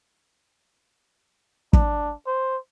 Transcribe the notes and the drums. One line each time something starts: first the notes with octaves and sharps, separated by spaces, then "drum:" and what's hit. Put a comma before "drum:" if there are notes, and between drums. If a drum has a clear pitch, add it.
D4, drum: kick
C5